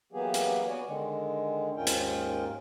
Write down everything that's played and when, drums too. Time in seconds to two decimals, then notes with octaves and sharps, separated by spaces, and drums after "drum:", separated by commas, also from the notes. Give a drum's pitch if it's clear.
0.13 E3 F#3 A#3 B3 G4 G#4
0.34 drum: hi-hat
0.67 B3 F#4 C#5 D5 G#5
0.87 D3 D#3 G#3
1.76 D#2 G#2 C#4 F4 A#4 G5
1.87 drum: hi-hat